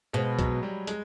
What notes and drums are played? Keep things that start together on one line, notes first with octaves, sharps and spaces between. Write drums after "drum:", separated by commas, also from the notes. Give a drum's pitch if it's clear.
B2 G#3
F#3, drum: kick, hi-hat
G3
G#3, drum: hi-hat